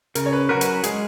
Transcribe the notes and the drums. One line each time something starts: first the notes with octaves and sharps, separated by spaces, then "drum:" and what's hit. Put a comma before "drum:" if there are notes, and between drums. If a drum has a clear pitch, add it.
C#3 A#4, drum: hi-hat
C#5
B4
F#3 C#4 F#4 A#4 B4
drum: hi-hat
G#3 G#4, drum: hi-hat